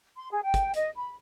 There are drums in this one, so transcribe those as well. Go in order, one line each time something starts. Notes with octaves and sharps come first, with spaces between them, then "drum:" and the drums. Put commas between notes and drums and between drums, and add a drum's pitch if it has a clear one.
C6
G#4
G5
drum: kick, hi-hat
D#5, drum: hi-hat
B5